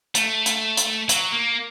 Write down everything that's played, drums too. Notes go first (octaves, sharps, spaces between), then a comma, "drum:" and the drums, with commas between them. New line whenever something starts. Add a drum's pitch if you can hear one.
A3, drum: hi-hat
drum: hi-hat
drum: hi-hat
F#3, drum: hi-hat
A#3